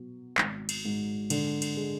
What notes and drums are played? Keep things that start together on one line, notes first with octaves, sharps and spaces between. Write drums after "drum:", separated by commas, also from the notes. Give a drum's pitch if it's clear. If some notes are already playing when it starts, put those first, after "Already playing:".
Already playing: B2 F#3
G#1, drum: clap
drum: cymbal
G#2
D3, drum: cymbal
drum: cymbal
G#3